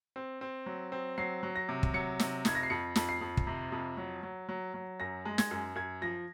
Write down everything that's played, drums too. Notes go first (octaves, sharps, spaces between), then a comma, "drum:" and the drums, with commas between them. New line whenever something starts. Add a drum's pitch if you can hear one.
C4
C4
F#3
C4
F#3 C7
F#3
A#6
C3
drum: kick
F#3 C#7
C3, drum: snare
F2 G#6, drum: snare
A#6
C7
F2 C#7
F2, drum: snare
C7
F2
drum: kick
C3
F2
F#3
F#3
F#3
F#3
F#2 A#6
G#3
G#6, drum: snare
F#2
F#2 G#6
F3 A#6